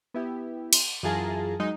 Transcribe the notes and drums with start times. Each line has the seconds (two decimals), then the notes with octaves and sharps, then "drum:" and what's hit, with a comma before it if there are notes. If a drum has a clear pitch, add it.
0.14 B3 E4 G4
0.73 drum: cymbal
1.03 F#2 E3 F4 G#4 A5 A#5
1.59 F#3 G#3 D#4